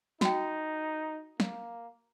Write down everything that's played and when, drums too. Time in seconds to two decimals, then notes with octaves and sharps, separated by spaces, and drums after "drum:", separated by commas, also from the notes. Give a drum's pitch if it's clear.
0.21 D#4 F#4 G5, drum: snare
1.40 A#3, drum: snare